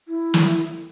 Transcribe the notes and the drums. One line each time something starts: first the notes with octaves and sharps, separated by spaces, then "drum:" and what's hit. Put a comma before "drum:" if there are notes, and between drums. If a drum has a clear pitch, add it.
E4
drum: snare